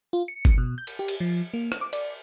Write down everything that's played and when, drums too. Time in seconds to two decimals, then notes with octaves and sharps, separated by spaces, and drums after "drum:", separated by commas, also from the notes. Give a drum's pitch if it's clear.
0.13 F4
0.28 C#7
0.45 drum: kick G1
0.58 B2
0.78 G6
0.87 drum: cymbal
0.99 G4
1.08 drum: cymbal
1.20 F3
1.54 A#3
1.72 drum: rim click
1.81 D6
1.93 D5, drum: cymbal